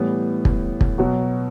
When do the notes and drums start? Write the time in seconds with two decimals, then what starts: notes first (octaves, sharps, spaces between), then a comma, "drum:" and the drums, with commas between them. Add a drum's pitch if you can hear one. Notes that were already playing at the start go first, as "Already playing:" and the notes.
Already playing: A2 E3 G3 B3
0.45 drum: kick
0.81 drum: kick
0.98 B2 F#3 B3 F#4